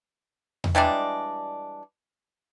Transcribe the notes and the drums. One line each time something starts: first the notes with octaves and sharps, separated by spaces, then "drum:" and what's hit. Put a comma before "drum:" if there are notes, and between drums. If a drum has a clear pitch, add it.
drum: tom E2
E3 G3 G#3 D4